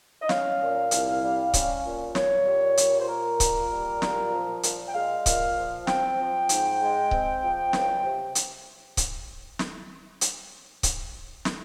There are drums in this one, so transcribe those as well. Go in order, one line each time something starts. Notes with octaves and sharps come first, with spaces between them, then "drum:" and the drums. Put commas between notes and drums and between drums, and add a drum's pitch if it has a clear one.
D#5
C#4 F5, drum: snare
A#2
C2, drum: hi-hat
G3
C#4, drum: kick C#1, hi-hat
A#2
A#2 C#5, drum: snare
G3
A#2, drum: hi-hat
C5
A#3 A#4
A#2, drum: kick C#1, hi-hat
G3
A#2, drum: snare
F3
A#2, drum: hi-hat
G5
G#3 F5
A#2, drum: kick C#1, hi-hat
F3
C4 G5, drum: snare
F3
G#2, drum: hi-hat
G#3
C4, drum: kick C#1
F3
C#2, drum: snare
C3
drum: hi-hat
drum: kick C#1, hi-hat
drum: snare
drum: hi-hat
drum: kick C#1, hi-hat
drum: snare